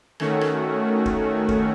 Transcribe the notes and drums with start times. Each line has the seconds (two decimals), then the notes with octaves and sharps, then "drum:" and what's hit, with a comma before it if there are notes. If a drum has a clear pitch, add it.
0.20 D#3 A3 C#4 F#4, drum: rim click
0.41 drum: rim click
1.06 drum: kick
1.49 drum: kick